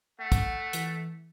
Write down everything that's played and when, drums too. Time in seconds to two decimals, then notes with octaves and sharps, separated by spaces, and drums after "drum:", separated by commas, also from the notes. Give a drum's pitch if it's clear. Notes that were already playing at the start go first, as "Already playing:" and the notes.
0.20 A3 F#5
0.32 drum: kick, hi-hat
0.73 E3, drum: hi-hat